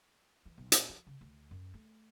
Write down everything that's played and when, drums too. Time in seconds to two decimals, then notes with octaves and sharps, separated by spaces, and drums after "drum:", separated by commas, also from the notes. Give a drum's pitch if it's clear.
0.46 E3
0.58 B1
0.72 A#2, drum: hi-hat
0.89 F3
1.07 C#3
1.21 D2
1.51 F#2
1.74 A3